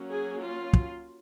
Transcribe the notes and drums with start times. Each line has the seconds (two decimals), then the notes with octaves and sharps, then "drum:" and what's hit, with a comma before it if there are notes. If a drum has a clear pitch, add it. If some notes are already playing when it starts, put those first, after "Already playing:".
Already playing: F#3 A#3 C#4
0.09 G#4
0.40 F4
0.73 drum: kick